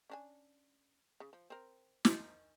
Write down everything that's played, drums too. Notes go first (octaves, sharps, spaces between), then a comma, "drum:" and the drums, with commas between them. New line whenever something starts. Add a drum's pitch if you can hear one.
C#4 D4 G#5
C#3
F3
C4 A#4
D#3 D#4, drum: snare